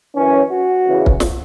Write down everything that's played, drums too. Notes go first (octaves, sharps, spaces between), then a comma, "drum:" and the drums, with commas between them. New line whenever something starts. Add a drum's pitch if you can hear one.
F#2 E3 C#4
F#4
E2 C#3 E3
drum: kick
drum: snare